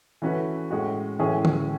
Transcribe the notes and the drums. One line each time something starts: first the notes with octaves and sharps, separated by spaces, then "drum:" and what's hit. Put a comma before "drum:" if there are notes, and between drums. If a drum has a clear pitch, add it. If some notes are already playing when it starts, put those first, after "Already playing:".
E3 A3 C#4 F#4 B4
A2 G#3 C#4 F#4
A2 E3 G#3 C#4 G#4
drum: tom D3